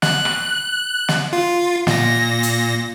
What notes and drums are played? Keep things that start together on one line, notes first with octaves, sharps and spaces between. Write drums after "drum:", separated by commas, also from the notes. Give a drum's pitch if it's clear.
F#6, drum: snare
drum: rim click
drum: snare
F4
A#2 A#6, drum: snare
drum: hi-hat